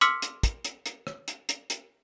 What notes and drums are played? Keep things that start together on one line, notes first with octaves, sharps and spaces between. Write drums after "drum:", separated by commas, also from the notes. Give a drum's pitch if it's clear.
C6 D6 E6 F6 B6 C#7, drum: hi-hat
drum: hi-hat
drum: kick, hi-hat
drum: hi-hat
drum: hi-hat
drum: rim click
drum: hi-hat
drum: hi-hat
drum: hi-hat